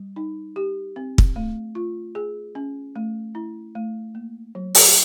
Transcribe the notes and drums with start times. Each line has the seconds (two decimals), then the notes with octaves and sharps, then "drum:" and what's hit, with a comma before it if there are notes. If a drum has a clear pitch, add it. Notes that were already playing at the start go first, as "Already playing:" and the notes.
Already playing: G3
0.16 D#4
0.56 G4
0.96 C4
1.18 drum: kick
1.36 A3
1.75 F4
2.15 G#4
2.55 C#4
2.96 A3
3.35 E4
3.75 A3
4.15 A#3
4.55 F#3
4.75 drum: open hi-hat